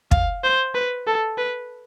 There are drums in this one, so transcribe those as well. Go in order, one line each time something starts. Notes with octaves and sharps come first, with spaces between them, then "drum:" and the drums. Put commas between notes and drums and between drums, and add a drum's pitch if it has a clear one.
F5, drum: kick
C5
B4
A4
B4